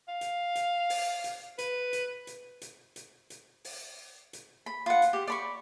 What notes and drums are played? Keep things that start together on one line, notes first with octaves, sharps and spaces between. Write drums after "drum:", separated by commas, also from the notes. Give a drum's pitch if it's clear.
F5
drum: hi-hat
drum: hi-hat
drum: open hi-hat
drum: hi-hat
B4, drum: hi-hat
drum: hi-hat
drum: hi-hat
drum: hi-hat
drum: hi-hat
drum: hi-hat
drum: open hi-hat
drum: hi-hat
B5
F4 F#5
drum: hi-hat
G4
D5 B5 C#6